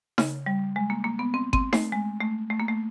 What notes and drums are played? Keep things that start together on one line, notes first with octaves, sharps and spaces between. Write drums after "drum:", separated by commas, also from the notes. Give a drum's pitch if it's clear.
C#3, drum: snare D#4
G3
G#3
A#3
A#3
B3
C4
C4, drum: kick G1
A3, drum: snare D#4
G#3
A3
A3
A#3
A3